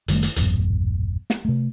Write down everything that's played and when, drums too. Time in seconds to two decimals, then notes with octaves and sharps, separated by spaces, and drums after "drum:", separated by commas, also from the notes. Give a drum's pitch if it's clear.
0.08 F#1 D#3 G3 A3, drum: hi-hat
0.23 drum: hi-hat
0.36 D#1 A1 F#2 B3, drum: hi-hat
1.30 drum: snare
1.45 C3 A3